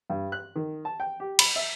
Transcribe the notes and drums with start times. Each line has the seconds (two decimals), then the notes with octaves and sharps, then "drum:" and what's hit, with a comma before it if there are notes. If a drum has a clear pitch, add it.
0.10 G2
0.32 F#6
0.56 D#3
0.85 A5
1.00 G5
1.20 G4
1.39 B5, drum: cymbal
1.56 E5